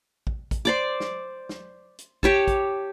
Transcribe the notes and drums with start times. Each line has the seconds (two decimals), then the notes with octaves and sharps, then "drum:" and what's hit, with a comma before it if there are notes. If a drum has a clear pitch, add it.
0.27 drum: kick
0.51 drum: kick, hi-hat
0.65 C5 D5 D6
1.00 drum: snare
1.49 drum: snare
1.98 drum: hi-hat
2.23 G4 C#5 A5, drum: kick
2.48 drum: kick, hi-hat